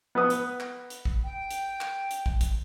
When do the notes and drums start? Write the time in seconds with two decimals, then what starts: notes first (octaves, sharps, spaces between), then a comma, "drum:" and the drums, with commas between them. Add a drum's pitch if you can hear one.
0.15 B3 B4 D#6
0.30 drum: hi-hat
0.60 drum: clap
0.90 drum: hi-hat
1.05 drum: kick
1.24 G5
1.51 drum: hi-hat
1.81 drum: clap
2.11 drum: hi-hat
2.26 drum: kick
2.41 drum: kick, hi-hat